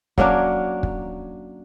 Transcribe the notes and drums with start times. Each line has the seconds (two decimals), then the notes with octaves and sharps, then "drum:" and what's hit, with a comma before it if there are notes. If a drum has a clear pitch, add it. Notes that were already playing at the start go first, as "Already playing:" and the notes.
0.18 F#3 A#3 C#4 D4, drum: kick
0.83 drum: kick